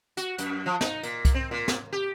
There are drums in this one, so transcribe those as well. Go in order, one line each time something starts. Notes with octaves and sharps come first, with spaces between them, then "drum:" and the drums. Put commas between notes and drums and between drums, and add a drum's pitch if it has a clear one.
F#4, drum: hi-hat
F#2, drum: hi-hat
F3
D#4, drum: snare
A#2, drum: hi-hat
drum: kick C2, hi-hat
C4
A#2
drum: snare
G4